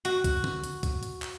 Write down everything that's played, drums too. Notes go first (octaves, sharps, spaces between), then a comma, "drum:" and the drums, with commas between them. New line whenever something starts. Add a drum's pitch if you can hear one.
F#4, drum: hi-hat
drum: kick, hi-hat
drum: tom D3
drum: hi-hat
drum: kick, hi-hat
drum: hi-hat
drum: clap